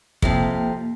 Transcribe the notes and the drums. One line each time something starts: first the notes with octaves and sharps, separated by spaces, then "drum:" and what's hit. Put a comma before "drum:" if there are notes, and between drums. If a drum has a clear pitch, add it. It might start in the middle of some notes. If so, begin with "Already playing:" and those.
F2 C3 F3 A#3, drum: kick